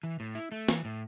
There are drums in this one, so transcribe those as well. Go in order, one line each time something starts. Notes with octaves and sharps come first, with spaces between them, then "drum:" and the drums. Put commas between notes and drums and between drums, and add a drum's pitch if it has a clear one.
E3
A2
E4
A3
E3, drum: snare
A2